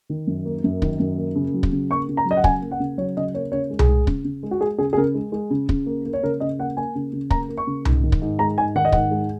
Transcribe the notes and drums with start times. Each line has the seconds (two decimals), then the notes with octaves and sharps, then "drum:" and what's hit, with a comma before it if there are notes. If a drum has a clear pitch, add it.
0.10 D#3
0.27 F#2
0.45 A#3
0.64 F#2
0.82 D#3, drum: kick
1.00 F#2
1.17 A#3
1.35 C#3
1.54 F#3
1.63 drum: kick
1.72 C#3
1.90 A#3 C#6
2.09 C#3
2.17 A#5
2.26 F#3
2.31 D#5
2.37 F#5
2.44 C#3 G#5, drum: kick
2.62 A#3
2.71 F#5
2.80 C#3
2.98 F#3 C#5
3.17 C#3 D#5
3.35 A#3 C#5
3.52 C#3 C#5
3.70 G#3
3.79 G#4, drum: tom C2
3.88 G#3
4.07 C#3, drum: kick
4.25 C#3
4.43 G#3
4.51 F#4
4.61 G#3 G#4
4.78 C#3 G#4
4.93 G#4
4.97 C#3 A#4
5.14 G#3
5.32 G#3
5.50 C#3
5.69 C#3, drum: kick
5.86 A#3
6.05 A#3
6.13 C#5
6.23 C#3 A#4
6.40 C#3 D#5
6.59 A#3 F#5
6.77 A#3 G#5
6.95 C#3
7.13 C#3
7.30 A#3 A#5, drum: kick
7.49 A#3
7.58 C#6
7.67 C#3
7.85 G#2, drum: tom C2
8.03 D#3
8.12 drum: kick
8.22 G#2
8.39 G#3 A#5
8.58 G#2 G#5
8.75 D#3 F#5
8.85 D#5
8.92 G#2 F#5, drum: kick
9.11 G#3